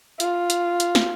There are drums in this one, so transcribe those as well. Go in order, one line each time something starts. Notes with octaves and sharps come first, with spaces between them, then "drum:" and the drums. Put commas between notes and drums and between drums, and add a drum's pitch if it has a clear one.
F4, drum: hi-hat
drum: hi-hat
drum: hi-hat
drum: snare